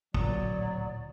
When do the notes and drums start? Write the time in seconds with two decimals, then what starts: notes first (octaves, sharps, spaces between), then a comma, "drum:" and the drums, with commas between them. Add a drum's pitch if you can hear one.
0.14 D1 C#2 A#2 F#3 D5 D#6, drum: kick